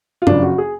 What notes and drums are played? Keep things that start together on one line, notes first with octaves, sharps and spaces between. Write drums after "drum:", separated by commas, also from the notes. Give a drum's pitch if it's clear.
F4
F#1 F#2 C#3 F3 D4, drum: tom G2
F#4
G#4